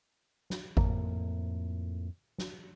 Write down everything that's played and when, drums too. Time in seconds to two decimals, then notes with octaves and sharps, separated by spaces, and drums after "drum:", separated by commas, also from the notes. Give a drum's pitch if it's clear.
0.50 drum: snare
0.77 F2 A2 A#3, drum: kick G#1
2.38 drum: snare